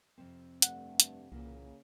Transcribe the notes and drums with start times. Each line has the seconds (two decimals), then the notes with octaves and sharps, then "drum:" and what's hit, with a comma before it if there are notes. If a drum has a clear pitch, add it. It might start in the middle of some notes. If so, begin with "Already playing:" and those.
0.18 F2 C3 C4
0.62 G2 A3 F#5, drum: hi-hat
1.00 drum: hi-hat
1.32 C2 A#2 C#3 E3 A#3